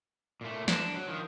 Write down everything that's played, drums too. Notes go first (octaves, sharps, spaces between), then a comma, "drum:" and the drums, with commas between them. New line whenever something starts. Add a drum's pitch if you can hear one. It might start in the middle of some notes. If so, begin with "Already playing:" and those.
A#2 A3
D4, drum: snare
F#3
D#3 F3